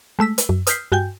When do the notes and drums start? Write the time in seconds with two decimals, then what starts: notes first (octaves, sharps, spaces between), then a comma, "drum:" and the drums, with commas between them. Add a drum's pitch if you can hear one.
0.19 G#3 A3 E6 B6
0.38 drum: hi-hat
0.49 F#2
0.67 D#6 F6 G6 B6 C7, drum: hi-hat
0.92 G2 F#4 G5 G#5 G6